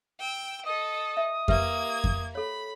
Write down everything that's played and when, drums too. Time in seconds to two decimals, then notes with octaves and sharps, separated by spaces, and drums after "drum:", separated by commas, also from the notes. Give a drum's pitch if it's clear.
0.20 G5 E6
0.66 A4 D#5 D#6
1.17 E5
1.48 A#3 G4 B4 E5 G#6, drum: kick F2
2.04 drum: kick F2
2.35 A4 C#5 B5